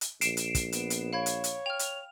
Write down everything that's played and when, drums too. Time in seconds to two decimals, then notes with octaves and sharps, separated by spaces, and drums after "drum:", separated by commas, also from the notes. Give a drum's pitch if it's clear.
0.01 drum: hi-hat
0.21 A#1 C7 D7 E7, drum: hi-hat
0.37 drum: hi-hat
0.55 drum: kick, hi-hat
0.72 B3, drum: hi-hat
0.90 drum: hi-hat
1.13 C#5 F5 B5 G#6
1.26 drum: hi-hat
1.44 drum: hi-hat
1.66 G5 F6 F7
1.79 drum: hi-hat